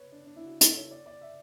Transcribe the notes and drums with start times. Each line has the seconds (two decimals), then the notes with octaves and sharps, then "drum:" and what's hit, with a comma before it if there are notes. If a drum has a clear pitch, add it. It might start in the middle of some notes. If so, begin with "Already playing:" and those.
Already playing: B4 C#5
0.12 D4
0.27 D4
0.36 E4
0.46 F#4
0.61 A4, drum: hi-hat
0.76 C#5
0.91 D5
1.06 D5
1.21 E5